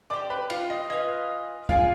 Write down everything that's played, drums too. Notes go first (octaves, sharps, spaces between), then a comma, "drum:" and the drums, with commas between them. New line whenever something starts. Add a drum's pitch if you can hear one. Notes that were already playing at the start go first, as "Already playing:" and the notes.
G4 C5 D5 G5 D6
B4 B5
F4 F5, drum: cymbal
D#5
F4 B4 D#5 F5 G#5
F4 G#4 D5 F5 G#5, drum: kick D2